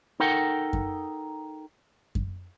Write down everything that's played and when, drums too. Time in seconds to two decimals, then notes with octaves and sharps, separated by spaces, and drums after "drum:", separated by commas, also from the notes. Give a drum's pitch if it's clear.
0.20 D#4 A4 A#4 F#5 G5
0.73 drum: kick F#2
2.15 drum: kick F#2